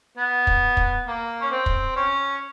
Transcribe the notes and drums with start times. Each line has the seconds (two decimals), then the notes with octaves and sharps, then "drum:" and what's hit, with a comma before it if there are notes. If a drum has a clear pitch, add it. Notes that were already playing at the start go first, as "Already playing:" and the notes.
0.17 B3
0.47 drum: kick
0.77 drum: kick
1.07 A#3
1.41 C#4
1.51 C4
1.66 drum: kick
1.96 C#4